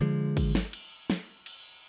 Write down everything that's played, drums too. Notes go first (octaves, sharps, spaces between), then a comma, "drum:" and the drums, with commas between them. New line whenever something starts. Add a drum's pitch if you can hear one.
D3 F3 G#3
drum: kick G#1, cymbal
drum: snare
drum: cymbal
drum: snare
drum: cymbal